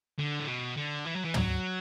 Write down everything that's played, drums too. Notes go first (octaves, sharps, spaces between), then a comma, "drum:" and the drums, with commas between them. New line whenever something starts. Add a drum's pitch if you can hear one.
D3
A2
B2
D3
E3
F#3
E3
F#3, drum: tom